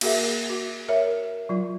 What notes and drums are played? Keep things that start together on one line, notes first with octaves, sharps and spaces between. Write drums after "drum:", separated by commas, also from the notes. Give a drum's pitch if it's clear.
A#3 F#4 G#4 A#4 E5, drum: cymbal
F#4
A#4 C#5 E5
F#3 F4